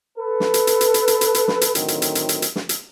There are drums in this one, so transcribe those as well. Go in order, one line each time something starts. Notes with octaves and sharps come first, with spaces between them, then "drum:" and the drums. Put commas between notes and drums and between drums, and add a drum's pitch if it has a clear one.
A4 B4
drum: snare
drum: hi-hat
drum: hi-hat
drum: hi-hat
drum: hi-hat
drum: hi-hat
drum: hi-hat
drum: hi-hat
drum: snare
drum: hi-hat
A2 D3 D#3 F#3 C4, drum: hi-hat
drum: hi-hat
drum: hi-hat
drum: hi-hat
drum: hi-hat
drum: hi-hat
drum: snare
drum: hi-hat